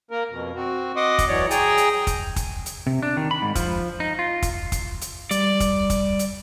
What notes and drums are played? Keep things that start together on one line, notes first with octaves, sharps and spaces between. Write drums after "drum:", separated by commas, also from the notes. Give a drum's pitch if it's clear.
A#3 A#4
F2 B2
C4 F#4
D#5 F#5 C6 D6 D#6
drum: kick, hi-hat
E3 F#3 C#5 D5
G#4 G5 G#5 A#5, drum: hi-hat
drum: hi-hat
drum: kick, hi-hat
drum: kick, hi-hat
drum: hi-hat
C3
D4
D#3
B5
G#2
F3, drum: kick, hi-hat
D#4
F4
drum: kick, hi-hat
drum: kick, hi-hat
drum: hi-hat
G3 D5, drum: hi-hat
drum: kick, hi-hat
drum: kick, hi-hat
drum: hi-hat